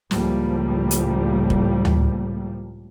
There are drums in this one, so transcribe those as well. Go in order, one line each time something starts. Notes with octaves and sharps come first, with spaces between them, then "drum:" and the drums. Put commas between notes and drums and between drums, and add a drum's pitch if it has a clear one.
C#2 A2 F3 G3 A#3, drum: snare
drum: hi-hat
drum: kick
drum: tom D2